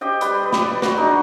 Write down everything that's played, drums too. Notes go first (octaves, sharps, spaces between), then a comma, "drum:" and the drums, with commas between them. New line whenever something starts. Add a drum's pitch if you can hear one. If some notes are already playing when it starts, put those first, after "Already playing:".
G4 C5 D#5 G5
G3 B4 C6, drum: hi-hat
B4
drum: snare
D5
F#4 C6, drum: snare
G#3 D4 D#4